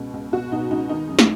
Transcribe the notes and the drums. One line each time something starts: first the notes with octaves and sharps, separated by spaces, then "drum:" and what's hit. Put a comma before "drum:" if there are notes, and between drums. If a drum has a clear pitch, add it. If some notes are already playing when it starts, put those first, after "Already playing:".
Already playing: C#2 B2
C#2
B2 F#4
B2 D#4
C#2 D#4
D#3 D#4
F#2
drum: snare